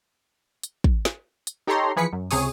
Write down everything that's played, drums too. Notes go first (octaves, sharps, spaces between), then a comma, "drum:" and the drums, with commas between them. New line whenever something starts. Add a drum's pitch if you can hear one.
drum: hi-hat
drum: kick
drum: snare
drum: hi-hat
D#4 G4 A4 C#5 A#5 C6
E3 F3 G#4 B4 B6 C#7
F#2
C#2 C3 G#4 C#5 D#6, drum: open hi-hat